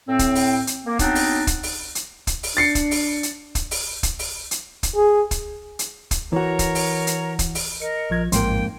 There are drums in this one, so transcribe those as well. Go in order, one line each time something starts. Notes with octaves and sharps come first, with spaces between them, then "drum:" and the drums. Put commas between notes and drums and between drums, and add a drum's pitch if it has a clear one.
A2 C4
drum: kick, hi-hat
drum: open hi-hat
drum: hi-hat
A#3
F#3 B3 C4 D4 D#4, drum: kick, hi-hat
drum: open hi-hat
drum: kick, hi-hat
drum: open hi-hat
drum: hi-hat
drum: kick, hi-hat
drum: open hi-hat
D4 A6 C7 C#7
drum: kick, hi-hat
drum: open hi-hat
drum: hi-hat
drum: kick, hi-hat
drum: open hi-hat
drum: kick, hi-hat
drum: open hi-hat
drum: hi-hat
drum: kick, hi-hat
G#4
drum: kick, hi-hat
drum: hi-hat
drum: kick, hi-hat
E3 F#4 A#4 C#5 A#5
drum: kick, hi-hat
drum: open hi-hat
drum: hi-hat
drum: kick, hi-hat
drum: open hi-hat
A#4 D#5 C#7
A#1 F3 G#6
A1 F2 G#2 A#3 G5 C6, drum: hi-hat